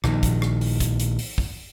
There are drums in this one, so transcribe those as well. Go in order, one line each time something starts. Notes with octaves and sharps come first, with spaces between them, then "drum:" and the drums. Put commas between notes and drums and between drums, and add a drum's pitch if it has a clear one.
A#1 D#3, drum: rim click
drum: kick, hi-hat
drum: rim click
drum: open hi-hat
drum: kick, hi-hat
drum: hi-hat
drum: open hi-hat
drum: kick